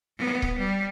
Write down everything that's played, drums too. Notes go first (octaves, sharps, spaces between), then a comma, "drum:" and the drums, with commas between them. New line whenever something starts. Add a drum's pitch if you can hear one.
B3
drum: kick C#1
G3